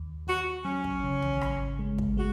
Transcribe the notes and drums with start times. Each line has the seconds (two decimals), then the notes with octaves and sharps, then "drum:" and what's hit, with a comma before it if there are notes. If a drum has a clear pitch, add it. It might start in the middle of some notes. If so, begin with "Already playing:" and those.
Already playing: D#2
0.27 D#2 F#4
0.65 F#3 C#4
0.84 drum: kick
1.04 C#3
1.22 drum: tom
1.41 G#1, drum: rim click
1.79 G#3
1.98 drum: kick
2.17 G#3 F#4